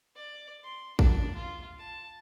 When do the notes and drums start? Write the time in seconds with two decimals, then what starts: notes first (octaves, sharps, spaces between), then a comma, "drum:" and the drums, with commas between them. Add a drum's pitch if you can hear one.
0.16 D5
0.63 C6
0.99 D4, drum: kick A1
1.35 F4
1.79 A5